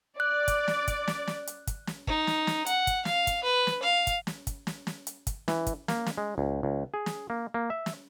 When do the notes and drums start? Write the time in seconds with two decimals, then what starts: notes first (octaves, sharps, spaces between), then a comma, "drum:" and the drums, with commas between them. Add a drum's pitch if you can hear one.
0.20 D5 F#6
0.48 drum: kick, hi-hat
0.68 drum: snare
0.88 drum: kick, hi-hat
1.08 drum: snare
1.27 drum: snare
1.47 drum: hi-hat
1.67 drum: kick, hi-hat
1.87 drum: snare
2.07 D#4, drum: kick
2.27 drum: snare
2.47 drum: snare
2.66 F#5, drum: hi-hat
2.87 drum: kick, hi-hat
3.05 F5, drum: snare
3.27 drum: kick, hi-hat
3.43 B4
3.67 drum: snare
3.82 F5
4.07 drum: kick, hi-hat
4.27 drum: snare
4.47 drum: kick, hi-hat
4.67 drum: snare
4.87 drum: snare
5.07 drum: hi-hat
5.27 drum: kick, hi-hat
5.48 E3, drum: snare
5.67 drum: kick, hi-hat
5.88 A#3, drum: snare
6.06 drum: snare
6.18 G#3
6.38 C#2
6.63 C#2
6.94 G#4
7.06 drum: snare
7.30 A#3
7.54 A#3
7.70 E5
7.86 drum: snare